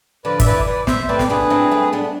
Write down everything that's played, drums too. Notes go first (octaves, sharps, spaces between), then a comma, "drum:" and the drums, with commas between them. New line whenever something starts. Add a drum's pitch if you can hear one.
D3 F3 B4 D5
E5, drum: kick G1, hi-hat
E3 B4 D5
E3 B4 D5
C5 E5, drum: snare
A3 C4 B4 D5
drum: snare
B3 D4 G#4 B4
C4 E4
A3 C4
B3 D4